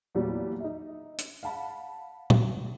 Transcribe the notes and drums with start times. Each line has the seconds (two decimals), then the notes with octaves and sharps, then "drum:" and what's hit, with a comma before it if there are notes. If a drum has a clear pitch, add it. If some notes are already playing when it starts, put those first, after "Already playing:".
0.15 E2 A#2 F#3 G3
0.60 D#4 E5
1.18 drum: hi-hat
1.43 F5 F#5 A5 B5
2.30 F#3, drum: tom